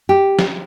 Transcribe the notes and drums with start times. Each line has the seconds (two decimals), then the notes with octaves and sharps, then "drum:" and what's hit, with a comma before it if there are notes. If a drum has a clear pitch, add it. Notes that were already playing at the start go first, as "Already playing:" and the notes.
0.09 G4
0.39 drum: snare